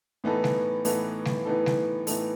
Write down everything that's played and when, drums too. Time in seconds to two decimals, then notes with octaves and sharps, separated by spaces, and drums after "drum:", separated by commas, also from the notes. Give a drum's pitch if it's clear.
0.24 A2 E3 B3 D#4 A4
0.44 drum: snare G3
0.85 A2 E3 B3 D#4 A4, drum: open hi-hat
1.25 drum: snare G3
1.45 A2 E3 B3 D#4 A4
1.66 drum: snare G3
2.07 A2 E3 B3 D#4 A4, drum: open hi-hat